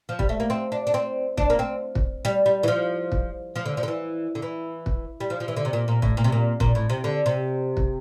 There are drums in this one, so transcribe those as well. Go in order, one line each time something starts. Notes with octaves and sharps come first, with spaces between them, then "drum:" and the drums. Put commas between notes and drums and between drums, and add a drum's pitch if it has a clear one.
F3
G3, drum: kick
A3
A#3
C4
D4
D4
C4
D4, drum: kick
A#3
C4
drum: kick
G3
G3
E3
F3
drum: kick
F3
D3
F3
D3
E3
D3
E3
drum: kick
G3
F3
F3
E3
D3
C3
A#2
A#2
A2, drum: kick
A#2
C3
A#2
A#2, drum: kick
A2
C3
D3
C3
drum: kick